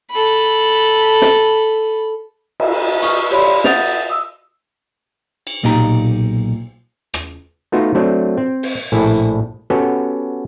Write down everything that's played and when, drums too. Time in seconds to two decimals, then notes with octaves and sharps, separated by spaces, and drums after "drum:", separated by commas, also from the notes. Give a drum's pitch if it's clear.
0.10 A4 B5
1.22 drum: snare
2.60 drum: cymbal
3.02 C#6 D#6 F6, drum: hi-hat
3.31 G4 C#5 D5 B5 C6, drum: open hi-hat
3.64 E5 F#5 D#6 G6 A6 F7, drum: snare
4.10 D#6 E6
5.47 drum: cymbal
5.63 B1 A#2 D#4 G4 A#5
7.14 drum: rim click
7.72 A3 B3 D#4 F4 F#4
7.95 F#3 A3 C4 D4
8.37 C4
8.63 drum: open hi-hat
8.92 A#1 A2 E4 A4 G#5
9.70 B3 C#4 F#4 G4 A4